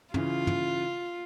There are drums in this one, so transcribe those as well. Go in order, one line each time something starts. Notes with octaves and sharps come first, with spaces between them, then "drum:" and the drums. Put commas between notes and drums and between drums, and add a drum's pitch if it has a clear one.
C#3 E3 F4, drum: tom
drum: tom